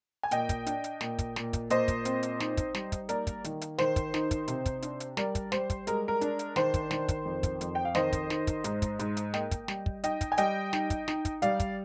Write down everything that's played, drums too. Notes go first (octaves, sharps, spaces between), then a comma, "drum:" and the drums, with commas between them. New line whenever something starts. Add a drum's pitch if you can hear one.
G#5
A#2 D#5 G5, drum: hi-hat
drum: kick, hi-hat
D4, drum: hi-hat
drum: hi-hat
A#2, drum: snare
drum: kick, hi-hat
A#2, drum: snare
drum: kick, hi-hat
A#2 C5 D#5, drum: hi-hat
drum: kick, hi-hat
C4, drum: hi-hat
drum: hi-hat
D#4, drum: snare
drum: kick, hi-hat
G3, drum: snare
drum: kick, hi-hat
A#3 A#4 D5, drum: hi-hat
drum: kick, hi-hat
D#3, drum: hi-hat
drum: hi-hat
D#3 C5, drum: snare
drum: kick, hi-hat
D#4, drum: snare
drum: kick, hi-hat
C3, drum: hi-hat
drum: kick, hi-hat
D4, drum: hi-hat
drum: hi-hat
G3 A#4 D5, drum: snare
drum: kick, hi-hat
G3 C5, drum: snare
drum: kick, hi-hat
G#3 A#4, drum: hi-hat
A#4
D4, drum: hi-hat
drum: hi-hat
D#3 C5, drum: snare
drum: kick, hi-hat
D#3, drum: snare
drum: kick, hi-hat
F2
drum: kick, hi-hat
F2, drum: hi-hat
G5
F5
D#3 C5 D#5, drum: snare
drum: kick, hi-hat
D#4, drum: snare
drum: kick, hi-hat
G#2, drum: hi-hat
drum: kick, hi-hat
G#2, drum: hi-hat
drum: hi-hat
A#3 D#5 G5, drum: snare
drum: kick, hi-hat
G3, drum: snare
drum: kick
D#4 D#5 G5, drum: hi-hat
drum: kick, hi-hat
G#5
G3 D#5 G5, drum: hi-hat
D#4, drum: snare
drum: kick, hi-hat
D#4, drum: snare
drum: kick, hi-hat
G3 D5 F5, drum: hi-hat
drum: kick, hi-hat